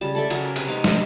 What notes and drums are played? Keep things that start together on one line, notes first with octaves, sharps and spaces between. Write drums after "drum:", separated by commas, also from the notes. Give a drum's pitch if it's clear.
C#3 G3 A5
A4 D5 E5
C#3 F#3 A#4 G#5, drum: cymbal
C3 B4 C#5, drum: cymbal
C4 D#4 F5
drum: snare